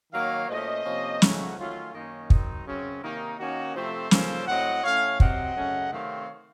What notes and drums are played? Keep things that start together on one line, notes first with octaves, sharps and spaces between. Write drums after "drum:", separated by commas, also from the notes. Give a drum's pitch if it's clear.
D#3 F#3 A#3 C#5 F5
A#2 A3 C#4 C5 D#5
C3 F3 A#3 C#4
C#3 F3 A3 C#4 D#4 F#4, drum: snare
D#3 F#3 A3 C#4 F4
F#2 D#3 A#3 C#4 D#4
D#3 F#3 C4, drum: kick
F#2 C#3 F#3 C4 C#4
C3 D#3 A#3 C#4 D#4
D#3 A#3 C#4 D#4 F#4
C3 F3 A3 C4 A4 C5
C#3 F3 A#3 C#4, drum: snare
A2 F#3 C4 D#5 F#5
A2 A3 C#4 C#5 F5
C3 F#3 C4 D#5 F#5, drum: kick
F#2 C#3 F#3 A3 C#4
C3 D#3 A3 C4 C#5 F5